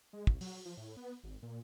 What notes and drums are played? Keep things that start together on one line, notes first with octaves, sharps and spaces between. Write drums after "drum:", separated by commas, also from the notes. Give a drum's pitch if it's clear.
G#3
C2, drum: kick
F#3, drum: open hi-hat
F3
A2
B3
G#1
A#2